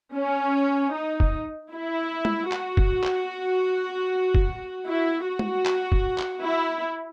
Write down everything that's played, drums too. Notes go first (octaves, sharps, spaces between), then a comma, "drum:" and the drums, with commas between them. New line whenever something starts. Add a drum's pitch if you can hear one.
C#4
D#4
drum: kick
E4
drum: tom G#3
F#4, drum: clap
drum: kick
drum: clap
drum: kick
E4
F#4
drum: tom G#3
drum: clap
drum: kick
drum: clap
E4